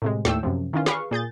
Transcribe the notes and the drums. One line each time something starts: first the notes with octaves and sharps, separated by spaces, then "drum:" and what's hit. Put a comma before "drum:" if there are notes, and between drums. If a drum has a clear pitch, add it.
A2 C3 G#3
D#2 A2 A3 G5 E6, drum: snare
F#2 C3 F3
D#3 E3 C#4 F4
G#4 B4 F5 C#6, drum: snare
A#2 G#4 G6 A6